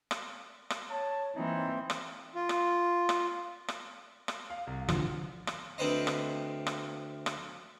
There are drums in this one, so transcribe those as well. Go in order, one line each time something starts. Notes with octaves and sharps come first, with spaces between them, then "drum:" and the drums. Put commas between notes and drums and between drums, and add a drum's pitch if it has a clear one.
drum: rim click
drum: rim click
C#5 A5
E3 A#3 C4 D#4
drum: rim click
F4
drum: rim click
drum: rim click
drum: rim click
drum: rim click
F5
C2
A1 D3 F3, drum: rim click
drum: rim click
D2 C4 A4 B4 C5 D#5
drum: rim click
drum: rim click
drum: rim click